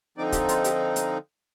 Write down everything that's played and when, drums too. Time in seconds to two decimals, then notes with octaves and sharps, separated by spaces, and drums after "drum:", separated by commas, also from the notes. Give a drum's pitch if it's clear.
0.17 D3 F3 C4 D#4 D5
0.32 G4, drum: kick, hi-hat
0.49 F4, drum: hi-hat
0.64 G4, drum: hi-hat
0.96 drum: hi-hat